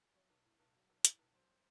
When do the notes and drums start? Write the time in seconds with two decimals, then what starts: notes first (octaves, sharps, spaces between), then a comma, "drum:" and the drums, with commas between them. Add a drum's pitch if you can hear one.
0.15 F#3 C#5
0.30 B1
0.45 A2
0.60 B1
0.75 F#3
0.90 B1
1.05 A2, drum: hi-hat
1.19 B1
1.34 F#3 C5